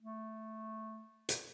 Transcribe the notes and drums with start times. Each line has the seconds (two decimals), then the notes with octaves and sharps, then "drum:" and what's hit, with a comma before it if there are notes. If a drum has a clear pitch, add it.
0.02 A3
1.29 drum: hi-hat